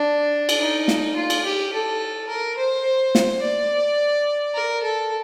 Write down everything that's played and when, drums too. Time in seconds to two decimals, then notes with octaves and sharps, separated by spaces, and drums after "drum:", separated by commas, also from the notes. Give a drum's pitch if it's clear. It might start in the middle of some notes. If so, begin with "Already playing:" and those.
Already playing: D4
0.49 drum: cymbal
0.59 D#4
0.88 drum: snare
1.16 F4
1.30 drum: cymbal
1.45 G4
1.73 A4
2.29 A#4
2.57 C5
3.15 drum: snare
3.42 D5
4.54 A#4
4.83 A4